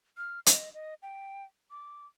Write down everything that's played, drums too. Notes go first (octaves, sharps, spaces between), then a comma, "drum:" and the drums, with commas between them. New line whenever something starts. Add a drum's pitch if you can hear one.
F6
D#5, drum: hi-hat
D#5
G5
D6